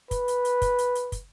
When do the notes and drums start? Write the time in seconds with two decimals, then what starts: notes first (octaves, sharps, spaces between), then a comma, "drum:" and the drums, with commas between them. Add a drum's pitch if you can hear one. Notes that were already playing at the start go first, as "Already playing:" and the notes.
0.11 B4, drum: kick, hi-hat
0.28 drum: hi-hat
0.45 drum: hi-hat
0.62 drum: kick, hi-hat
0.78 drum: hi-hat
0.95 drum: hi-hat
1.12 drum: kick, hi-hat